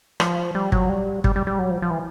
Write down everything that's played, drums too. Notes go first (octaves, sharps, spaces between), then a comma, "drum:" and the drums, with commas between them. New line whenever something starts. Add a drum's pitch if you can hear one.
F3, drum: rim click
G3
F#3, drum: kick
G3
G3, drum: kick
G3
G3
F#3
F3
F3
E3